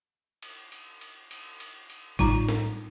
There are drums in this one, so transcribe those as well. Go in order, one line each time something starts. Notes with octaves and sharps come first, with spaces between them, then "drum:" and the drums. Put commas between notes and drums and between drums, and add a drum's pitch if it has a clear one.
drum: cymbal
drum: cymbal
drum: cymbal
drum: cymbal
drum: cymbal
drum: cymbal
A2 G3 D#4 F4 A#5, drum: kick G#1, cymbal
drum: snare